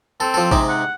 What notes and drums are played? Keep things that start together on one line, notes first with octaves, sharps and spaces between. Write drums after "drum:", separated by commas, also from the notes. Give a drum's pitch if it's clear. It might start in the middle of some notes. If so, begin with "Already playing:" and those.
C4 A4
F3 A4
G#2 C3 D#4, drum: kick A1
F#5